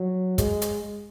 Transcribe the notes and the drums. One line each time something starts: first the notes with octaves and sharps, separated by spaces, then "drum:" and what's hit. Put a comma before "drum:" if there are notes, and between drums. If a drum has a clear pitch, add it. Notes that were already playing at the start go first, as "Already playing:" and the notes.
Already playing: F#3
G#3, drum: kick, hi-hat
drum: hi-hat